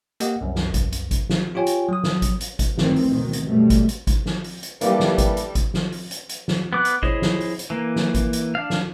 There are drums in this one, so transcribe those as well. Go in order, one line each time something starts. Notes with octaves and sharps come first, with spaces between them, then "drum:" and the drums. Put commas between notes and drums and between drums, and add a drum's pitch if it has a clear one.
A#3 G4 D#5 F#5, drum: hi-hat
C2 F#2
drum: snare
drum: kick G#1, hi-hat
drum: hi-hat
drum: kick G#1, hi-hat
drum: snare
F4 G4 C#5 G5 G#5
drum: hi-hat
F#3 D#6
drum: snare
drum: kick G#1, hi-hat
drum: hi-hat
drum: kick G#1, hi-hat
G1 D2 G2 D#3 E3 C4, drum: snare
drum: open hi-hat
F#1 B2 D#3
drum: hi-hat
F#2 B2 G3 A3
drum: kick G#1, hi-hat
drum: hi-hat
drum: kick G#1, hi-hat
drum: snare
drum: open hi-hat
drum: hi-hat
E3 G3 A#3 D4 G4 A4, drum: hi-hat
drum: snare
drum: kick G#1, hi-hat
drum: hi-hat
drum: kick G#1, hi-hat
drum: snare
drum: open hi-hat
drum: hi-hat
drum: hi-hat
drum: snare
B3 D6 F#6
drum: hi-hat
E4 G#4 C5 C#5 D#5, drum: kick G#1
drum: snare
drum: open hi-hat
drum: hi-hat
E3 A#3
drum: snare
drum: kick G#1, hi-hat
drum: hi-hat
D4 F5
drum: snare